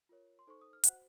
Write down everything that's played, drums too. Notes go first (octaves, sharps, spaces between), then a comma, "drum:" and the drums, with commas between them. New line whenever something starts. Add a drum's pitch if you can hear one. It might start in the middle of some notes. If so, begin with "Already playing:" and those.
F4 A#4 C#5
C6
D#4 A4 C5 C#6
D#6
F6
F#4 C5 F#5 F#6, drum: hi-hat